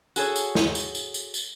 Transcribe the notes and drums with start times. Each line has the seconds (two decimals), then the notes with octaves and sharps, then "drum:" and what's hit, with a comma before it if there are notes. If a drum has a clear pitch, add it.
0.16 F#4 G#4 A4 C#5, drum: tambourine
0.36 drum: tambourine
0.55 drum: snare
0.75 drum: tambourine
0.95 drum: tambourine
1.14 drum: tambourine
1.34 drum: tambourine